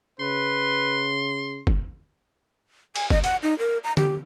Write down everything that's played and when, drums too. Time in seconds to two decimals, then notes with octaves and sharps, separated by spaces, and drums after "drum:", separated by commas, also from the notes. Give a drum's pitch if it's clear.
0.20 C#3 B4 C6
1.67 drum: kick
2.96 G#5, drum: cymbal
3.10 D#5, drum: kick
3.24 F#5, drum: hi-hat
3.43 D#4
3.59 A#4
3.84 A#5
3.97 G4, drum: tom D3